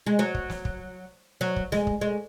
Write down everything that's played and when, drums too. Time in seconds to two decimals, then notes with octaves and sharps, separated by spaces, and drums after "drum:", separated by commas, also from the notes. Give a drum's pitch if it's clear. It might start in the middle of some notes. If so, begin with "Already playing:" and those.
0.06 G#3
0.19 F#3
0.34 drum: kick
0.50 drum: snare
0.65 drum: kick
1.41 F#3
1.56 drum: kick
1.72 G#3, drum: snare
1.87 drum: kick
2.01 G#3